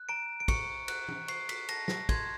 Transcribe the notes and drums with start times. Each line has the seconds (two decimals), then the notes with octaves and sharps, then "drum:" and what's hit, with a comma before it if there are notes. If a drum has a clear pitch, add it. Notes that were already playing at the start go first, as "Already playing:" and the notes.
Already playing: F#6
0.09 A#5 D7
0.40 D7
0.48 C#6 C#7, drum: kick, cymbal
0.88 F#6, drum: cymbal
1.09 drum: tom E3
1.28 C#6 C7, drum: cymbal
1.49 B6, drum: cymbal
1.69 A5 A#6, drum: cymbal
1.88 A#6, drum: snare
2.09 C6 G#6, drum: kick, cymbal